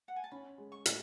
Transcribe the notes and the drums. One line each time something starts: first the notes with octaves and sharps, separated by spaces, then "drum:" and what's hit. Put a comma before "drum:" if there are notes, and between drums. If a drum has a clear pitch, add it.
F#5
G#5
A5
C#4 B5
G#3
C#6
A2, drum: hi-hat